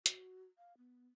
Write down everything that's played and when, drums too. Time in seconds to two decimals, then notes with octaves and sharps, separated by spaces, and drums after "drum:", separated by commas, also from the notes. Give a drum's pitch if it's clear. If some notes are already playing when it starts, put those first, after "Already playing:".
0.06 F#4, drum: hi-hat
0.58 F5
0.78 B3